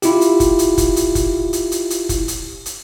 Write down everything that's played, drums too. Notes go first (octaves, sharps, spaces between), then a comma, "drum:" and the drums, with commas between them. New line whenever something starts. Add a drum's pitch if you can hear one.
E4 F4 G4, drum: hi-hat
drum: hi-hat
drum: kick, hi-hat
drum: hi-hat
drum: kick, hi-hat
drum: hi-hat
drum: kick, hi-hat
drum: hi-hat
drum: hi-hat
drum: hi-hat
drum: kick, hi-hat
drum: hi-hat
drum: hi-hat